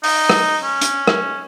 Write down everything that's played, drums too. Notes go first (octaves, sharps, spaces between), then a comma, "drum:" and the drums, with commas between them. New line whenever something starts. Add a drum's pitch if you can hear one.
D#4, drum: open hi-hat
drum: rim click
C#4
drum: hi-hat
drum: rim click